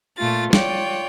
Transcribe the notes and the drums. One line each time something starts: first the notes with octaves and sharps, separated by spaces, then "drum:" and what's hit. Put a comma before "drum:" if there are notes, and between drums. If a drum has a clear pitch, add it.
A#2 A3 F4 A6
F4 C#5 D5 G5, drum: snare